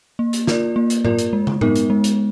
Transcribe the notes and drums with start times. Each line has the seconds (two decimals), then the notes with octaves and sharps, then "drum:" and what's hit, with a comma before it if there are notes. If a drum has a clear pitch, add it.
0.19 A#3
0.33 drum: hi-hat
0.47 F4 A#4 D5, drum: snare
0.76 A#3
0.90 drum: hi-hat
1.05 F4 A#4 D5, drum: tom A2
1.19 drum: hi-hat
1.33 G#3
1.47 drum: tom
1.61 B3 D#4 A#4, drum: tom A2
1.76 drum: hi-hat
1.90 G#3
2.04 drum: hi-hat